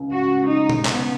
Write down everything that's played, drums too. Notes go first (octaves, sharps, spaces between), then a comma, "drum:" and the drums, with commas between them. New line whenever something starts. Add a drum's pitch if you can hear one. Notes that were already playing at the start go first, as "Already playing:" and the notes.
Already playing: C#2
F#4
D#4
drum: tom B2
B3, drum: clap